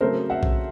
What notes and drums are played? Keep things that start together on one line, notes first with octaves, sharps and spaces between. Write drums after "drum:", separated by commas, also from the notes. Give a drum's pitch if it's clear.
C#3 F#3 A3 C4 A#4 C5
E5 F#5
drum: kick A#1